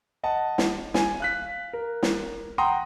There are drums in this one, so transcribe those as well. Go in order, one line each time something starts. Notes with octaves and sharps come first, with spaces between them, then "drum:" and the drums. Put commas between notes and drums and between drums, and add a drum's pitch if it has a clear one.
D#5 F#5 A5
drum: snare
G#5, drum: snare
F5 F#6 B6
A#4
drum: snare
F#5 G5 A#5 C6 D#6